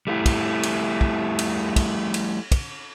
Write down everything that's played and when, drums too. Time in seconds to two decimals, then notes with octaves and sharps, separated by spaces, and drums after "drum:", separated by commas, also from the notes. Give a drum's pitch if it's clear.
0.07 G3 A3 E4
0.26 drum: kick, cymbal
0.63 drum: cymbal
1.01 drum: kick
1.39 drum: cymbal
1.76 drum: kick, cymbal
2.14 drum: cymbal
2.52 drum: kick, cymbal